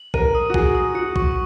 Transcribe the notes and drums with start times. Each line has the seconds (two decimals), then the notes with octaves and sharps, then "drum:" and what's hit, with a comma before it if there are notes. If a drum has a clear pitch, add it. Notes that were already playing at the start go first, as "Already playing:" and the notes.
Already playing: F#7
0.14 A#4 D#7, drum: kick
0.35 D#6
0.50 F#4
0.54 G#4 D#6, drum: kick
0.75 D#6
0.94 F#4 C#7
1.16 C#6, drum: kick